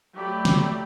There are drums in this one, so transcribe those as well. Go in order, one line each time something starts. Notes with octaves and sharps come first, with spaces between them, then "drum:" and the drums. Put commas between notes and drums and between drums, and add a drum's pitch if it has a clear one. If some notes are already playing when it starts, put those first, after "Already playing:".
F#3 A3 G4 D5 B5
drum: snare